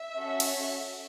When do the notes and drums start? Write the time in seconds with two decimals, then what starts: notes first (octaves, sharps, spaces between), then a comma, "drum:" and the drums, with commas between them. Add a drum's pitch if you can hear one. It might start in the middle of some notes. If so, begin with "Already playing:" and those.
Already playing: E5
0.18 C#4 F#4 A4
0.40 drum: cymbal